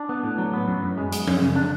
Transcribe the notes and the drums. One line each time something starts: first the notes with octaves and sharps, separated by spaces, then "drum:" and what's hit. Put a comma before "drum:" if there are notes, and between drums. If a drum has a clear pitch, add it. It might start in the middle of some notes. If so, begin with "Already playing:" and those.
Already playing: D4
B3
A2
F#3
B3
F#2
F#2
G#3
G#3, drum: hi-hat
F#2, drum: tom F3
C#3
D4